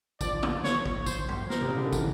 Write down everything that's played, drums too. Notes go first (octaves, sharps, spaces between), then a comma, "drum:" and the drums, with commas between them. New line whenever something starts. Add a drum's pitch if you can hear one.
F3 D5, drum: kick, tambourine
drum: tom
C#5, drum: snare
drum: kick
C5, drum: kick, tambourine
drum: tom G2
A#4, drum: snare
C3
C#3
D3
D#3
E3, drum: kick, tambourine